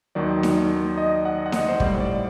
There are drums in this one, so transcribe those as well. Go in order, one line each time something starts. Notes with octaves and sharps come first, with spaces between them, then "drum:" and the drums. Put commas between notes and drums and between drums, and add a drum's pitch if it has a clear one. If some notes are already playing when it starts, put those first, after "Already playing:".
D#2 D#3 F#3 D5
drum: snare D#4
D#5
F#5
F#5
D#5, drum: snare D#4
C5
A2 G3 D5, drum: kick
D5